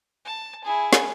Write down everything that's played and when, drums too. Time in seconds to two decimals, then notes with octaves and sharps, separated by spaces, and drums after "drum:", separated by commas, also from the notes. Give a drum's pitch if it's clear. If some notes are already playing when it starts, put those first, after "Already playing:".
0.25 A5
0.64 E4 G#4
0.93 drum: snare